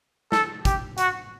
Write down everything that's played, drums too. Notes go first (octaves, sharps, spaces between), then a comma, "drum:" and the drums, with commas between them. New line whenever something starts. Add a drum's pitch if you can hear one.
A4, drum: snare
G4, drum: kick, hi-hat
F#4, drum: hi-hat